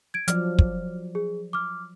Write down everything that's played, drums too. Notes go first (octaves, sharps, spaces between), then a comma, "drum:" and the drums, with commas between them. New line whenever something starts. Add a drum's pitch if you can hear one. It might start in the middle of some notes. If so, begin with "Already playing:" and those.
G#6 D7
F3 F#3 D5 F6, drum: hi-hat
drum: kick
G#4
D6 F6